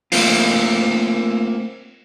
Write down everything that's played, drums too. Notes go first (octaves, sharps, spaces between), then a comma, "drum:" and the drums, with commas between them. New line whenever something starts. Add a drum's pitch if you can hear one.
A3 A#3 C4 F4, drum: open hi-hat